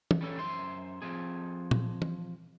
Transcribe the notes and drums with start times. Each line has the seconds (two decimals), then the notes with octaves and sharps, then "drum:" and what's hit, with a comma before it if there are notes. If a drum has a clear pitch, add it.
0.11 drum: tom
0.21 G3 C#4 A4
0.39 F#2 C5 E5 C6
1.02 F3 C4 G#4
1.71 drum: tom A#2
2.02 drum: tom E3